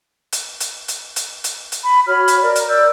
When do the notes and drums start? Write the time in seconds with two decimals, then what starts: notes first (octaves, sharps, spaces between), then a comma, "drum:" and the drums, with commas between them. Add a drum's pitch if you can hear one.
0.32 drum: hi-hat
0.60 drum: hi-hat
0.88 drum: hi-hat
1.16 drum: hi-hat
1.44 drum: hi-hat
1.72 drum: hi-hat
1.84 B5
2.07 F#4 C#5 B5 F6
2.28 drum: hi-hat
2.42 A#4 D5
2.55 drum: hi-hat
2.68 D5 E6 G6